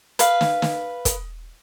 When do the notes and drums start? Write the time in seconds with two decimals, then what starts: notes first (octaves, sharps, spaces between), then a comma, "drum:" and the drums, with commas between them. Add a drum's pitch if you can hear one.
0.19 B4 F5, drum: hi-hat
0.41 drum: snare
0.62 drum: snare
1.05 drum: kick, hi-hat